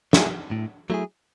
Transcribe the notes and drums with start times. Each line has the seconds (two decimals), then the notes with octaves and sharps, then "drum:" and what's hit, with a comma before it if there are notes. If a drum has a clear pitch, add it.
0.13 F#3 A3 E4 G#4, drum: snare
0.51 A2
0.90 F#3 A3 E4 G#4